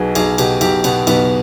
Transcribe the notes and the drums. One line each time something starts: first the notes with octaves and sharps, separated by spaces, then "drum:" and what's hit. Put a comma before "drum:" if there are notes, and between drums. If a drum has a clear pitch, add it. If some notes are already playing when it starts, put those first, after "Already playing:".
Already playing: B1 B2 G#4
B1 G#4, drum: cymbal
B2 G4, drum: cymbal
B1 G4, drum: cymbal
B2 B3, drum: cymbal
B1 B3, drum: cymbal